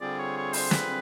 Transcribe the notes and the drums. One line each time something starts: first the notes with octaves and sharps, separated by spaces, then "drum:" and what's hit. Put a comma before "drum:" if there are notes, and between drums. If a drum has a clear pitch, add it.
D3 G3 C4 F4 G#4 D5
C#5
C#5
C5, drum: open hi-hat
B4, drum: snare